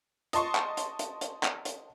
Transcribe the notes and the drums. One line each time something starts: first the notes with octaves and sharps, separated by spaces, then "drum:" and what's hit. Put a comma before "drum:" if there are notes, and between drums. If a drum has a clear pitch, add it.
D#5 A5 C6 C#6, drum: hi-hat
drum: clap
drum: hi-hat
drum: hi-hat
drum: hi-hat
drum: clap
drum: hi-hat